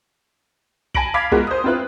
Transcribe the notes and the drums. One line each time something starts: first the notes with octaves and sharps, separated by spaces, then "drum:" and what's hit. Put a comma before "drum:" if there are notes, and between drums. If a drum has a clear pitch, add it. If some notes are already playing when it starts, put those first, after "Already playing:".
G#5 A5 B5 A#6 D7 F#7, drum: kick
F5 B5 D6 G#6 B6
G#3 B3 F4 F#4 A#4, drum: kick
C5 D#6
C4 E4 F4 B4 F#6